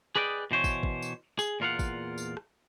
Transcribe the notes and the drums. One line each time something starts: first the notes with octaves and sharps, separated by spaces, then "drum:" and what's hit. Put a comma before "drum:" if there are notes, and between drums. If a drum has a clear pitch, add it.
G#4 B4 D5 D#5 G5
B2 E3 C5 C#5
drum: kick, tambourine
drum: kick
drum: tambourine
G#4, drum: tambourine
E2 A#2 F4 A#4 F5 F#5
drum: kick, tambourine
drum: tambourine
drum: rim click